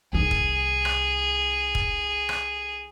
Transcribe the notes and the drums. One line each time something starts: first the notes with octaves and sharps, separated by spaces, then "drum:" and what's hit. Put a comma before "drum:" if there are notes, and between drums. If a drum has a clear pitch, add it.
C2 D#3 G#4
drum: kick
drum: rim click
drum: kick
drum: rim click